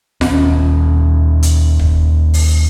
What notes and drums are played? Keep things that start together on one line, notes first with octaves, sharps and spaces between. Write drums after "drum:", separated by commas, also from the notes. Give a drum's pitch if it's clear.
D#2 C#4, drum: snare F4
drum: hi-hat
drum: kick
drum: open hi-hat